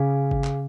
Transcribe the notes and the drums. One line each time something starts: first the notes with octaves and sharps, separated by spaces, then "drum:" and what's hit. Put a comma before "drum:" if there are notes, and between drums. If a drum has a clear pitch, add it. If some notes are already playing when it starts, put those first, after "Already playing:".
Already playing: C#3 G#4 F5 G#5
drum: kick G#1
drum: clap